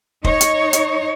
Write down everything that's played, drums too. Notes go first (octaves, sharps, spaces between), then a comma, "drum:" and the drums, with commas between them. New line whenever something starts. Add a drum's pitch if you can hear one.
D#4 C#5, drum: kick
drum: hi-hat
drum: hi-hat